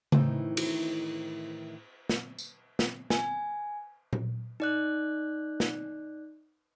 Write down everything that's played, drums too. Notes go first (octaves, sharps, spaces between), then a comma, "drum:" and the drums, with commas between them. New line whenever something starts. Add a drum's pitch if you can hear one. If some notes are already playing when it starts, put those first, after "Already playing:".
A2 D#3 E3 A3 C4 D#4, drum: tom C#3
drum: cymbal
drum: snare
drum: tambourine
drum: snare
G#5, drum: snare
drum: tom A#2
D#4 D5 F#6
drum: snare